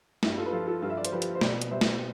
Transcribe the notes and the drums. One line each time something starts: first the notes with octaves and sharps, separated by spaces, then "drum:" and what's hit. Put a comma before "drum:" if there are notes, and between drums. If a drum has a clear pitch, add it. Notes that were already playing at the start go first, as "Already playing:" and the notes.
G2 E4 G4, drum: snare
F4 A4
B4
F3 F4 A4
F4 A4
G2 F4 A4
E5
D5
C5, drum: hi-hat
F3 G4 B4
drum: hi-hat
C5
B2 B4 D5, drum: snare
drum: hi-hat
G3 C5 E5
drum: snare